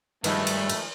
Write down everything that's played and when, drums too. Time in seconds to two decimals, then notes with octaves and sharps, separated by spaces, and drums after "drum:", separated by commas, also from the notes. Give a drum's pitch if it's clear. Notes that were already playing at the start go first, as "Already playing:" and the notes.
0.24 G2 D#3 F3 G#3 A3 B4 D#5 B5, drum: cymbal
0.47 drum: cymbal
0.70 drum: cymbal